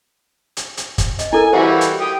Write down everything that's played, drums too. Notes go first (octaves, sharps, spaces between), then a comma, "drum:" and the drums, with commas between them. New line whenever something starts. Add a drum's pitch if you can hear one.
drum: hi-hat
drum: hi-hat
drum: kick, hi-hat
D#5, drum: hi-hat
E4 A4 A#4 G#5
E3 G3 F#4 C5 E5 F5
drum: hi-hat
G4 D#6